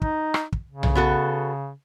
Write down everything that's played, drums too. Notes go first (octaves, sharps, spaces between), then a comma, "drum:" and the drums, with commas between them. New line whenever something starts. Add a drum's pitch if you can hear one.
D#4, drum: kick
drum: rim click
drum: kick
C#3
drum: tom B1
B3 F#4 A4